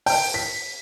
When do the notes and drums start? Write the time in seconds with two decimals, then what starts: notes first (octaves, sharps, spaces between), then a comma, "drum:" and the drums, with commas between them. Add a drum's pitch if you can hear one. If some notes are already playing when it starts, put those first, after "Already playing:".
0.06 G5, drum: open hi-hat
0.34 B6